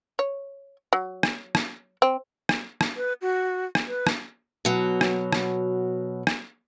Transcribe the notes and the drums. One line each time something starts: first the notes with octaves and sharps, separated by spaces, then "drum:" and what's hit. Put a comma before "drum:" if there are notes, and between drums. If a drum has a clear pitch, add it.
C#5
F#3
drum: rim click
drum: rim click
C4
drum: rim click
drum: rim click
B4
F#4
drum: rim click
B4
drum: rim click
B2 F#3
drum: rim click
drum: rim click
drum: rim click